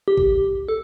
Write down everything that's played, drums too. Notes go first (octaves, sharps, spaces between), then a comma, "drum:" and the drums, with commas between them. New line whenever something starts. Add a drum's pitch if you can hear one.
G4
drum: kick
A4